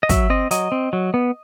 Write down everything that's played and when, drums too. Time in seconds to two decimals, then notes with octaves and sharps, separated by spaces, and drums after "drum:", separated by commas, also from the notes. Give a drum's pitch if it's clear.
0.03 D#5
0.09 F#3 E5, drum: kick, hi-hat
0.30 C4 D#5
0.51 F#3 D#5, drum: hi-hat
0.72 C4
0.93 F#3
1.14 B3